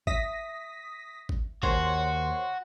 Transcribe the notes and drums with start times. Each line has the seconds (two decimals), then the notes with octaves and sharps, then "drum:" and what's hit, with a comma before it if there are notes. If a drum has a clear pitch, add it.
0.07 E5 D#6 A#6 B6, drum: kick
1.29 drum: kick
1.63 D#2 F#4 C5 C#5 C6, drum: kick